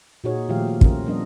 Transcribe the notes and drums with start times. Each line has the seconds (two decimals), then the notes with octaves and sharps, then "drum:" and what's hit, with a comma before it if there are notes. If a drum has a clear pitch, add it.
0.24 A#2 D#4 F#4 G#4 C#5
0.49 A#2 D#3 F3 A3 G4 F5
0.81 C#4 F4 A#4, drum: kick
1.06 F3 G3 B3 D4 A#4 D#5